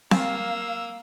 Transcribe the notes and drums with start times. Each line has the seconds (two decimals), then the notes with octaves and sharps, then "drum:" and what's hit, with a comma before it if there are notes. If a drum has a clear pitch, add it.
0.11 A#3 F5 E6, drum: snare C4